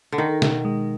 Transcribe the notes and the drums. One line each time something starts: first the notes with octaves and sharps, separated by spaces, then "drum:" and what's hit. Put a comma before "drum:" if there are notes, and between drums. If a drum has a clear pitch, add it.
D3
D#3 D#4
B2, drum: snare
G#3